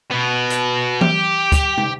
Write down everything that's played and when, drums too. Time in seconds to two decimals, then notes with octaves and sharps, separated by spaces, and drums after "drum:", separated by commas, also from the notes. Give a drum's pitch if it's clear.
0.11 B2 B3
0.50 drum: hi-hat
1.01 G4, drum: tom E3
1.52 drum: kick, hi-hat
1.77 drum: tom